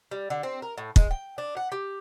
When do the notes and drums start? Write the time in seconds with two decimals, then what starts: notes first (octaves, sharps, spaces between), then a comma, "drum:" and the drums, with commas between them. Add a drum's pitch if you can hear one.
0.11 G3
0.30 D3
0.43 C4
0.62 A#4
0.78 A2
0.96 G#3, drum: kick
1.11 G5
1.38 D4
1.57 F#5
1.72 G4